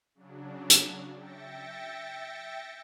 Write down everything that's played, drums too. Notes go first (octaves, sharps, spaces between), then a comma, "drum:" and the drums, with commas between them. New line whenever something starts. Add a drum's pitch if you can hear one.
C#3 F#3 D4
drum: hi-hat
E5 G5 A6 A#6 C#7